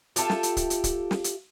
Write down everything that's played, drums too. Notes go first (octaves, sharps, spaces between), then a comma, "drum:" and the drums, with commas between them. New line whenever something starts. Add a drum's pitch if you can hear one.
F4 G4 A4 E5, drum: hi-hat
drum: snare
drum: hi-hat
drum: kick C#1, hi-hat
drum: hi-hat
drum: kick C#1, hi-hat
drum: snare
drum: hi-hat